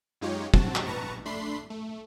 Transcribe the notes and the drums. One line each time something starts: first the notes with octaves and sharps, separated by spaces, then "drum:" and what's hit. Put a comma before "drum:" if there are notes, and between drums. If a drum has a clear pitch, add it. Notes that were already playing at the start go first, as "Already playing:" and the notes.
F#2 G#3 D#4 F4 G4 C#5
C3 F#3 C4 F#4 A5, drum: kick
drum: clap
B4 A5 A#5 C#6
A3 D4 B5 C6 C7
A3